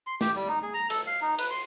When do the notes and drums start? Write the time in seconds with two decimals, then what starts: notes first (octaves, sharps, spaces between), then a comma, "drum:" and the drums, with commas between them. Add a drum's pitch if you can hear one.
0.07 C6
0.21 G4, drum: snare
0.36 G3
0.48 D#4
0.63 G#4
0.74 A#5
0.90 A4, drum: cymbal
1.07 F5
1.21 D#4
1.38 B4, drum: cymbal
1.51 C6